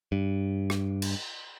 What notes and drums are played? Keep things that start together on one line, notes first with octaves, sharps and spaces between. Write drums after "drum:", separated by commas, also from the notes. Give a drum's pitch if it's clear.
G2
drum: rim click
drum: cymbal